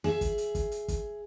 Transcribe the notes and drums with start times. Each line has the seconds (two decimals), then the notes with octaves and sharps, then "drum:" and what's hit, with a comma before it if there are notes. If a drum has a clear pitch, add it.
0.04 G#4 E5, drum: snare
0.21 drum: kick, hi-hat
0.38 drum: hi-hat
0.55 drum: kick, hi-hat
0.72 drum: hi-hat
0.88 drum: kick, hi-hat